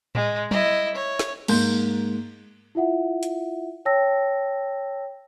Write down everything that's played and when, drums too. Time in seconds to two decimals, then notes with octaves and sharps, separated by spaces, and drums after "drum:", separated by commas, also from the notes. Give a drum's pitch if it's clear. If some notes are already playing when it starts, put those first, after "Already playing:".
0.15 G#3, drum: tom A2
0.51 E4 D#5, drum: tom F#3
0.95 C#5
1.19 drum: snare
1.48 G#2 A#3 C6 G6, drum: cymbal
2.75 E4 F4 E5 F#5
3.23 drum: hi-hat
3.85 C#5 G5 A5 E6 A#6